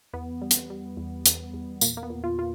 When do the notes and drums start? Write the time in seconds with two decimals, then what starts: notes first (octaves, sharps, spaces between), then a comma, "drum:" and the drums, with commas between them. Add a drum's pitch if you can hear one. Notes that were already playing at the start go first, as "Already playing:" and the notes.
0.13 E2 B3
0.42 G3
0.51 drum: hi-hat
0.70 G3
0.97 E2
1.26 E2, drum: hi-hat
1.53 E2
1.81 A#2 A#3, drum: tambourine
1.97 A#3
2.03 B3
2.10 A#2
2.24 F4
2.39 F4